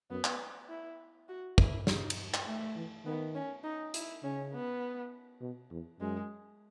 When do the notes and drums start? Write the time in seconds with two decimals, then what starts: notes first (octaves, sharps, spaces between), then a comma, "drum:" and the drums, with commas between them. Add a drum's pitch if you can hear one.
0.11 F#2 B3
0.24 drum: clap
0.69 E4
1.29 F#4
1.58 E4, drum: kick
1.87 C#3 D#4, drum: snare
2.10 drum: cymbal
2.34 drum: clap
2.46 A3
2.76 E3
3.05 D#3 B3
3.35 C#4
3.64 D#4
3.94 E4, drum: hi-hat
4.23 C#3 C#4
4.53 B3
5.41 B2
5.71 E2
6.01 F#2 G#3